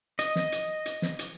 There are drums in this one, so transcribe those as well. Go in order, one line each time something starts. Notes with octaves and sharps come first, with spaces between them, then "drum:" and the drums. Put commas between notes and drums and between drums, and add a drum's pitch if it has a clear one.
D#5, drum: hi-hat
drum: snare
drum: hi-hat
drum: hi-hat
drum: snare
drum: hi-hat